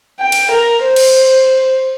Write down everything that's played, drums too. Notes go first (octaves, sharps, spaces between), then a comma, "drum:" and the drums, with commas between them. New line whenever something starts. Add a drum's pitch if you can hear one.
G5
drum: cymbal
A#4
C5
drum: cymbal